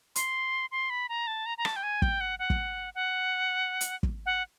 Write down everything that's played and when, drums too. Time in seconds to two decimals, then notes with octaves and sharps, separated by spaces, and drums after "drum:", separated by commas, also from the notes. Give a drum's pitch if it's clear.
0.16 C6, drum: hi-hat
0.71 C6
0.90 B5
1.09 A#5
1.27 A5
1.46 A#5
1.58 A#5
1.65 A5, drum: rim click
1.76 G5
1.83 G#5
2.02 G5, drum: kick
2.21 F#5
2.39 F#5
2.50 drum: kick
2.95 F#5
3.81 drum: hi-hat
4.03 drum: kick
4.26 F#5